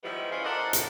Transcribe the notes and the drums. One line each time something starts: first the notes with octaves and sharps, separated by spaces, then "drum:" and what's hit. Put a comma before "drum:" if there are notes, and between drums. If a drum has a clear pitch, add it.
D#3 F3 G3 G#3 B3 E4
C#4 E4 F4
A4 A#4 C5 D5 D#5 F#5
A2, drum: hi-hat